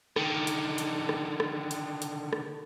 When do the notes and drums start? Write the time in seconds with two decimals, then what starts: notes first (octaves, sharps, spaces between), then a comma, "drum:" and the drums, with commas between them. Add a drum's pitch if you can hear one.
0.16 D3 D#3, drum: rim click
0.47 drum: hi-hat
0.78 drum: hi-hat
1.09 drum: rim click
1.40 drum: rim click
1.71 drum: hi-hat
2.02 drum: hi-hat
2.33 drum: rim click